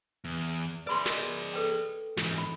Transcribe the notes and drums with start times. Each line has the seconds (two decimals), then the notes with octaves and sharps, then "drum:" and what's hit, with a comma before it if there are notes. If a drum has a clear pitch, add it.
0.25 E2
0.87 G#4 B4 D5 B5 C6
1.06 A#4 D#5, drum: snare
1.54 A4 B4 G5
2.17 G#2 E3, drum: snare
2.38 B5, drum: open hi-hat